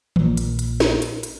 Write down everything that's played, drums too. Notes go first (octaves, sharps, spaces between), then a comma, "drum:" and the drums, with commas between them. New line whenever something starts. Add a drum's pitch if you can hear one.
A#1 A#2, drum: tom D#3
drum: hi-hat
drum: hi-hat
drum: snare
drum: hi-hat
drum: hi-hat